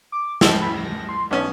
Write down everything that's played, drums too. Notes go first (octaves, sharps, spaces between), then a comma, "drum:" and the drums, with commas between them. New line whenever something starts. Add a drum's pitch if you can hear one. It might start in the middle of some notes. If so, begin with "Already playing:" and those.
D6
C#2 F3 G#3 E6, drum: snare
B5
A#6
C6
B1 B3 C#4 D4